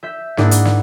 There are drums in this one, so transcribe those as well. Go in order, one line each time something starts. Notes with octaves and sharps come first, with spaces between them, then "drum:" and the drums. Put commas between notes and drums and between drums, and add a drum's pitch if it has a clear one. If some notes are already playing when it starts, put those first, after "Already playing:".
E5 G6 B6
G#2 A#3 D4 E4 D#5 F#5, drum: snare
drum: hi-hat
drum: snare